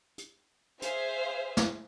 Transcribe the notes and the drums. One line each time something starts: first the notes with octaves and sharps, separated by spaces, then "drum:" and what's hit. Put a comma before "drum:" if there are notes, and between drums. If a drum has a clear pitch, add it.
drum: hi-hat
G#4 C5 E5 F5, drum: hi-hat
drum: snare